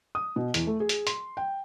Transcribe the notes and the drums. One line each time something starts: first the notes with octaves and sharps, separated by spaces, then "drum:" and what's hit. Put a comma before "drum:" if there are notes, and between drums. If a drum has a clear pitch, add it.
D#6
B2
E2, drum: hi-hat
A3
G#4
drum: hi-hat
C6, drum: hi-hat
G5